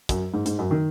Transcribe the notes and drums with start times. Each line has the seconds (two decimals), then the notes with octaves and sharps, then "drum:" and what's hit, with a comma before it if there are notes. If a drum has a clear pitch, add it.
0.09 F#2, drum: kick, hi-hat
0.34 G#2
0.46 G#2, drum: hi-hat
0.59 F#2
0.71 D#3